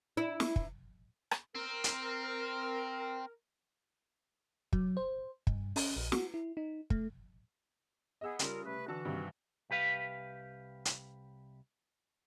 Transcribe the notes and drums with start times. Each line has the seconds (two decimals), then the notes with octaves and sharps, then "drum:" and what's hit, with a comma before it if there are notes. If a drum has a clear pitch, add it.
0.17 E4
0.40 drum: snare
0.56 drum: kick
1.31 drum: rim click
1.55 C4 A#4
1.84 drum: hi-hat
4.73 F#3, drum: kick
4.97 C5
5.47 G2, drum: kick
5.76 C#4, drum: open hi-hat
5.96 A#1
6.12 F#4, drum: snare
6.34 E4
6.57 D#4
6.90 A3, drum: kick
8.21 B3 G#4 D#5 E6
8.39 C#3 G3 F4 A#4 D#6, drum: hi-hat
8.64 C3 A3 B4
8.88 D3 E3 F#4 A5 E6
9.05 G2 C3 D#3
9.70 C2 G4 B4 F5
10.85 drum: hi-hat